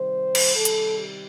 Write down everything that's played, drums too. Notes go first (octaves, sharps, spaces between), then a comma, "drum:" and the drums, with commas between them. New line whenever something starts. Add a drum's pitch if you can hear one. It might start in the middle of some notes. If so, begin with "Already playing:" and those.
Already playing: C3 D#3 G3 C5
drum: cymbal
C3 D#3 G3 A4
drum: hi-hat
G4